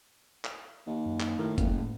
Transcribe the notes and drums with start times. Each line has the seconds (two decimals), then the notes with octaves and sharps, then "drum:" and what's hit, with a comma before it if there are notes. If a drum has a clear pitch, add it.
0.44 drum: clap
0.86 D#2
1.06 F#2
1.20 drum: clap
1.39 A2 D#3 A#4
1.58 F#1 F2 G#3 A3, drum: kick F#1, hi-hat
1.78 A2